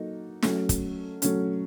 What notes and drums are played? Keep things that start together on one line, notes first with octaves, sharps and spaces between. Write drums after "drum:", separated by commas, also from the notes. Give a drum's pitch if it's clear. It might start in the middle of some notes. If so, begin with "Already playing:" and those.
Already playing: F#3 A#3 D#4 F#4 A4
F#3 A3 C#4, drum: snare
drum: kick, hi-hat
F#3 A3 C#4, drum: hi-hat